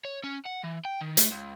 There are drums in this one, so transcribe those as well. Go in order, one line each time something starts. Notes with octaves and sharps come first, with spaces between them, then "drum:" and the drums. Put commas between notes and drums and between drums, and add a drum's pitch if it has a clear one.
C#5
C#4
F#5
E3
G5
D#3
A3, drum: hi-hat
C#2